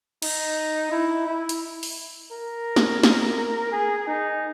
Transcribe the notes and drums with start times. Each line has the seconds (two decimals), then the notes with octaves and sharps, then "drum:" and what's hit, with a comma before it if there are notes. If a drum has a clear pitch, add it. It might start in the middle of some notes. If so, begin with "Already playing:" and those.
0.22 D#4, drum: cymbal
0.92 E4
1.26 E4
1.49 drum: hi-hat
1.83 drum: open hi-hat
2.32 A#4
2.76 drum: snare
3.03 drum: snare
3.72 G#4
4.07 D#4